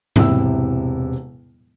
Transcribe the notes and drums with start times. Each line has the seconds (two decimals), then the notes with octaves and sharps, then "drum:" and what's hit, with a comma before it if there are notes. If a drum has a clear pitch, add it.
0.16 E1 C3 E4 E6, drum: tom G#2